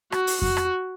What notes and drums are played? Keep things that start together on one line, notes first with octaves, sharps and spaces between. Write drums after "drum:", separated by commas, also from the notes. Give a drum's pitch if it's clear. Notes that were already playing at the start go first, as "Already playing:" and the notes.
F#4, drum: rim click
drum: open hi-hat
F#4, drum: kick F2
drum: rim click